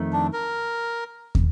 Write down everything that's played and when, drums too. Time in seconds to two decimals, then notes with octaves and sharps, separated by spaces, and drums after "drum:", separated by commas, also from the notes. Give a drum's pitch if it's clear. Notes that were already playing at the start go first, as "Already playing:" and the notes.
Already playing: F2 D#3 A3
0.13 D4
0.33 A#4
1.35 drum: kick